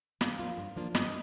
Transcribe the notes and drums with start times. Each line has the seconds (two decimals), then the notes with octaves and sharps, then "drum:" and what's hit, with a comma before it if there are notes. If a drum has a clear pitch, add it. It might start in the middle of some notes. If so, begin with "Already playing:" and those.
0.21 G2 F5, drum: snare
0.39 F3 A#3 D4 F4
0.58 G2
0.76 F3 A#3 D4 F4
0.95 G2 D#5, drum: snare